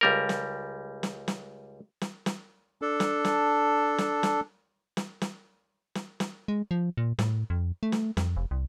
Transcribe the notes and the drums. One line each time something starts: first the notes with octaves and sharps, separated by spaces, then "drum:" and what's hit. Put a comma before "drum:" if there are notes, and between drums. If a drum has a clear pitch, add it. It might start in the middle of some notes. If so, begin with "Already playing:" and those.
C#2 G3 A#4
drum: snare
drum: snare
drum: snare
drum: snare
drum: snare
D4 A4
drum: snare
drum: snare
drum: snare
drum: snare
drum: snare
drum: snare
drum: snare
drum: snare
G#3
F3
A#2
A2, drum: snare
F2
A3
drum: snare
F2, drum: snare
F1
C2